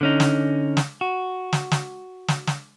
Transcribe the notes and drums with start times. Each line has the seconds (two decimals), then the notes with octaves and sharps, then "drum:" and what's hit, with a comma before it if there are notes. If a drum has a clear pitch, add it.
0.01 D3 C#4 D#4
0.20 drum: snare
0.77 drum: snare
1.01 F#4
1.53 drum: snare
1.72 drum: snare
2.28 drum: snare
2.47 drum: snare